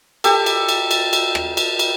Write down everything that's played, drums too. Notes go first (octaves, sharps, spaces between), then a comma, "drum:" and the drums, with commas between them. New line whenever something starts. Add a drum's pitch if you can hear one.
G4 A4, drum: cymbal
drum: cymbal
drum: cymbal
drum: cymbal
drum: cymbal
drum: rim click
drum: cymbal
drum: cymbal